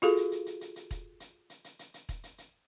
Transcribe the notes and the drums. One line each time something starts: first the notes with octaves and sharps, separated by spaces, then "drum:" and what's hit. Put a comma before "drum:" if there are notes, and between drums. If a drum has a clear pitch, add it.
F4 F#4 G#4 A4 F5, drum: hi-hat
drum: hi-hat
drum: hi-hat
drum: hi-hat
drum: hi-hat
drum: hi-hat
drum: kick E1, hi-hat
drum: hi-hat
drum: hi-hat
drum: hi-hat
drum: hi-hat
drum: hi-hat
drum: kick E1, hi-hat
drum: hi-hat
drum: hi-hat